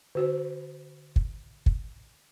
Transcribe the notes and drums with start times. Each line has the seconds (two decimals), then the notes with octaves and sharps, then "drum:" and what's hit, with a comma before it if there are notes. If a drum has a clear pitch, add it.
0.15 D3 F#4 C5
1.16 drum: kick
1.66 drum: kick